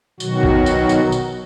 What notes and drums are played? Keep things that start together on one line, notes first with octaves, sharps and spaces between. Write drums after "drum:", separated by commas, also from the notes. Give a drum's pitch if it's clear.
B2 D#3 F#3 F#4, drum: tambourine
drum: kick
drum: tambourine
drum: tambourine
drum: tambourine